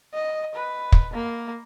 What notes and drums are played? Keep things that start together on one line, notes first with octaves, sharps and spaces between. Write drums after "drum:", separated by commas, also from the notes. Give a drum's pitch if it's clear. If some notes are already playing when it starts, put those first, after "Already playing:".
D#5
B4
drum: kick
A#3